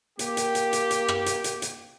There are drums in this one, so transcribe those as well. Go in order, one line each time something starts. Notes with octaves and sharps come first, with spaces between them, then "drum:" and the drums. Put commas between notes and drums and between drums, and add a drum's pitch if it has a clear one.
A#3 G4, drum: hi-hat
drum: hi-hat
drum: hi-hat
drum: hi-hat
drum: hi-hat
drum: rim click
drum: hi-hat
drum: hi-hat
drum: hi-hat